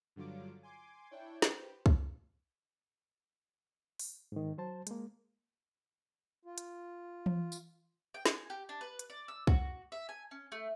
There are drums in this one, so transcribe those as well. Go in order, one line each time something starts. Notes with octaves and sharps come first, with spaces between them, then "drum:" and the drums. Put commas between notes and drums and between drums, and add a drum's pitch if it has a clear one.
G2 D3 F#3 F4 D6
G#5 C6 D6
D4 E4 C#5 G5
G4 B4 C5, drum: snare
drum: kick
drum: open hi-hat
G#2 D#3
F#3 C5 A5
G#3 A#3, drum: hi-hat
F4
drum: hi-hat
drum: tom E3
drum: tambourine
G5
G#5, drum: snare
G4
D4
B4
drum: hi-hat
D5
E6
F#4, drum: kick
E5
G#5
C#4
A3